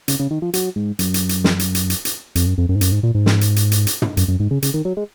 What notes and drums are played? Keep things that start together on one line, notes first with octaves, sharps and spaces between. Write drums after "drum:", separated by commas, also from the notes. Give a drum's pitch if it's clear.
C#3, drum: hi-hat
C#3
D#3
F3
F#3, drum: hi-hat
G#2
F#2, drum: hi-hat
drum: hi-hat
drum: hi-hat
drum: snare
drum: hi-hat
drum: hi-hat
drum: hi-hat
drum: hi-hat
F2, drum: hi-hat
F#2
F2
F#2
G#2
F#2, drum: hi-hat
G#2
A#2
G#2
drum: snare
drum: hi-hat
drum: hi-hat
drum: hi-hat
drum: hi-hat
drum: tom
F#2, drum: hi-hat
F#2
G#2
C#3
C#3, drum: hi-hat
D#3
F#3
G#3